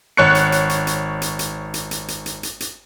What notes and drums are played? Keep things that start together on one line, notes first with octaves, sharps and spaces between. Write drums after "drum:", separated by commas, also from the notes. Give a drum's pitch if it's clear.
G#1 C#5 C#6 F#6 C#7
drum: hi-hat
drum: hi-hat
drum: hi-hat
drum: hi-hat
drum: hi-hat
drum: hi-hat
drum: hi-hat
drum: hi-hat
drum: hi-hat
drum: hi-hat
drum: hi-hat
drum: hi-hat